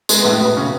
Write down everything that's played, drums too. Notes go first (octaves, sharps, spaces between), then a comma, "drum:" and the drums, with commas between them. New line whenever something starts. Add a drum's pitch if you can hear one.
G#3, drum: tambourine
B3
A2 A3
B2 B3
C#3 C#4